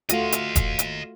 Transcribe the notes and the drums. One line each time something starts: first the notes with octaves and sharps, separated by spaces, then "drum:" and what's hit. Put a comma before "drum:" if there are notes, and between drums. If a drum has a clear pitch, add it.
A3 F4 F#4 D#5 F5, drum: hi-hat
drum: hi-hat
drum: kick E1, hi-hat
drum: hi-hat